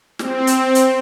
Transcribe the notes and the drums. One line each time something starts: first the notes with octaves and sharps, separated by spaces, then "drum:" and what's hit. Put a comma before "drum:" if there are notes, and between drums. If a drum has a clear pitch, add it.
C4, drum: snare
drum: hi-hat
drum: hi-hat